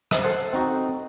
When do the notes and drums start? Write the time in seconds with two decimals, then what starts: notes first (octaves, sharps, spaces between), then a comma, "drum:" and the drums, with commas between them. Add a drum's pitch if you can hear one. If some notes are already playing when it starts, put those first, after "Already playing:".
0.11 drum: rim click
0.24 A4 C5 F#5
0.53 C4 D#4 F#4